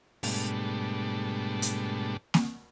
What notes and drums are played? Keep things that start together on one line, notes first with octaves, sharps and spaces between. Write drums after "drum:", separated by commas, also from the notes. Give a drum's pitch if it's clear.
G#2 B2 G3 A3 D4, drum: open hi-hat
drum: hi-hat
drum: snare A#3